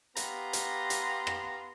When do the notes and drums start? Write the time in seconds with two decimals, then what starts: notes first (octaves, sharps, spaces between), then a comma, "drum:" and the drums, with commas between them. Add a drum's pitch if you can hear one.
0.16 B3 G4 F5 A#5 C6, drum: hi-hat
0.53 drum: hi-hat
0.90 drum: hi-hat
1.27 drum: rim click